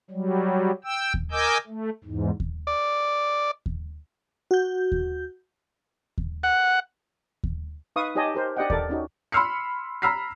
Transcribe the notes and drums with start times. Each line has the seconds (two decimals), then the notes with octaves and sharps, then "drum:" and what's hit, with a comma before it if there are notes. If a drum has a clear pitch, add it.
0.11 F#3 G3
0.84 G5 E6
1.14 drum: kick D#2
1.31 A#4 D#5 G#5 D6 E6 G6
1.67 A3
2.04 E2 G#2
2.40 drum: kick D#2
2.67 D5
3.66 drum: kick D#2
4.51 F#4 G6
4.92 drum: kick D#2
6.18 drum: kick D#2
6.43 F#5
7.43 drum: kick D#2
7.96 D#4 B4 F5 C#6 D#6
8.15 D#4 G4 C#5 D#5 G#5 A5
8.35 G4 A#4 C5
8.57 D4 G4 D5 D#5 F#5 G5
8.70 A4 A#4 D5, drum: kick D#2
8.89 C#4 D#4 F#4
9.32 B5 C6 E6 F6 C7 C#7
10.02 A#5 B5 E6 F6 B6 C7